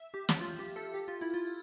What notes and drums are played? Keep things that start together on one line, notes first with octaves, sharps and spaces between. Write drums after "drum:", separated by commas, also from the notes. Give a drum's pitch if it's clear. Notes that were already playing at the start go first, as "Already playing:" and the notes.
Already playing: E5
G4
drum: snare
F4
G4
A4
G4
F4
E4
F4